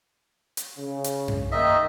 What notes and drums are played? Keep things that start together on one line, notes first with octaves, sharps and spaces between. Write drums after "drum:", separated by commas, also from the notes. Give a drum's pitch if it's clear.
drum: hi-hat
C#3
drum: hi-hat
drum: tom F#2
D#3 A#3 D#5 E5